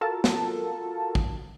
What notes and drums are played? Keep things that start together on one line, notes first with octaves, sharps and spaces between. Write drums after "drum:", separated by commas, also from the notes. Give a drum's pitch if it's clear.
F4 F#4 A4 A#4 A5
drum: snare
drum: kick